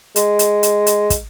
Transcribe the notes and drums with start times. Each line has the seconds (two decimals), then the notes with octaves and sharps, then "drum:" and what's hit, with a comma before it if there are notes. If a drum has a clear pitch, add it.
0.16 G#3, drum: hi-hat
0.39 drum: hi-hat
0.63 drum: hi-hat
0.87 drum: hi-hat
1.10 drum: kick, hi-hat